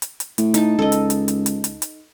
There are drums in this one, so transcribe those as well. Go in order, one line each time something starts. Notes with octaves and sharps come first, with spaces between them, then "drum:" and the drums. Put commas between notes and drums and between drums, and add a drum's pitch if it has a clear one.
drum: hi-hat
drum: hi-hat
A2, drum: hi-hat
D#4 A5, drum: hi-hat
C#2 A4 D#5
drum: hi-hat
drum: hi-hat
drum: hi-hat
drum: hi-hat
drum: hi-hat
drum: hi-hat